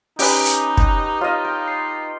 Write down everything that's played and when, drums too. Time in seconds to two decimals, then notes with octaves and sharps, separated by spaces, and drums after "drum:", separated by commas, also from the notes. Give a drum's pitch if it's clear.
0.19 C#4 D#4 G4 B4 C#5 G#5, drum: open hi-hat
0.45 drum: hi-hat
0.77 drum: kick
1.21 D#4 F4 C#5 D#5 F5 F6
1.45 G5
1.68 C7